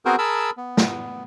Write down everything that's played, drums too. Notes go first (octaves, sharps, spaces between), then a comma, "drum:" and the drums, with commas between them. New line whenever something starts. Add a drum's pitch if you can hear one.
B3 C4 F#4 G#4 A#4 C5
G#4 A#4 A5 B5 E6
B3
drum: snare